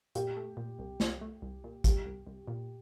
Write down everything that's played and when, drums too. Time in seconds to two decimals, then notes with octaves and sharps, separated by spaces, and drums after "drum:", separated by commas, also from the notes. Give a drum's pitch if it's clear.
0.15 A#2 G4, drum: hi-hat
0.37 A3
0.57 A#2
0.79 C2
1.00 C2, drum: snare
1.21 A3
1.42 C2
1.64 A#2
1.84 C2 G4, drum: kick, hi-hat
2.06 C2
2.27 C2
2.48 A#2